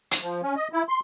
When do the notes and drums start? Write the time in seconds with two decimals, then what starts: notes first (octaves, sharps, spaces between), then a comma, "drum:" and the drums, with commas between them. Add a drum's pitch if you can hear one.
0.11 drum: hi-hat
0.22 F3
0.43 C#4
0.56 D#5
0.73 E4
0.89 C6